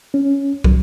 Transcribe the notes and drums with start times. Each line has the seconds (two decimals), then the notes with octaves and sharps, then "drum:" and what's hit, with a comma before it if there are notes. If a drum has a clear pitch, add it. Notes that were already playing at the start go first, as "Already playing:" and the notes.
0.14 C#4
0.64 F#3, drum: kick